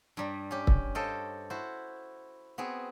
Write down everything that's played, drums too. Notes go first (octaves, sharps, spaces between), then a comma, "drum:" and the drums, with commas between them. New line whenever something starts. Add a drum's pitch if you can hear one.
G2 G3 A#5
C#4 G4
drum: kick
A4 C5 C#5 D#5 F5 G5
E4 F#4 C5
B3 C4 F#4 G#4